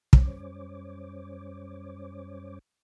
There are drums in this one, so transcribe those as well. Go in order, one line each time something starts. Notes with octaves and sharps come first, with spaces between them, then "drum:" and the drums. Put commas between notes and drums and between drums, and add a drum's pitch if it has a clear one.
F#2 G3 C#4 C5 C#5 D6, drum: kick